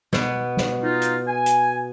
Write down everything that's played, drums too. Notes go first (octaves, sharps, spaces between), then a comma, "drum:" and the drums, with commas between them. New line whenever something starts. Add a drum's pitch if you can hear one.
B2 B3, drum: snare
drum: snare
D#4 F4
drum: hi-hat
G#5
drum: hi-hat